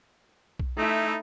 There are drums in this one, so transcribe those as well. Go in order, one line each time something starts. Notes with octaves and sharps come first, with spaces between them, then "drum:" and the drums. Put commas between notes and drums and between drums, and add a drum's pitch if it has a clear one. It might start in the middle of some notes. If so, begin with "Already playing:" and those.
drum: kick B1
A3 D#4 E4